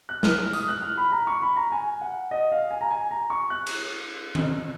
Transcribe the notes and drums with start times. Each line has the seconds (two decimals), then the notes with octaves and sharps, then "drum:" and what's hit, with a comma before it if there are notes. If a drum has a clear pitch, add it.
0.09 F#6
0.23 F6, drum: snare
0.39 F6
0.53 D#6, drum: tambourine
0.68 F#6
0.82 F6
0.98 B5
1.12 A#5
1.27 C#6
1.42 B5
1.57 A#5
1.72 G#5
2.01 F#5
2.31 D#5
2.52 F5
2.71 G#5
2.81 A#5
2.91 G#5
3.11 A#5
3.30 C#6
3.50 F#6
3.66 drum: cymbal
4.35 drum: tom D#3